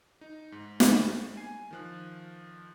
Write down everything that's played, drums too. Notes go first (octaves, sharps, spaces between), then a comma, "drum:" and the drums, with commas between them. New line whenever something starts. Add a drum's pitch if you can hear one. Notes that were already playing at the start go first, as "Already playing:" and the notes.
D#4
G#2
drum: snare
G3
G#5 C7
D#3 F3 F#6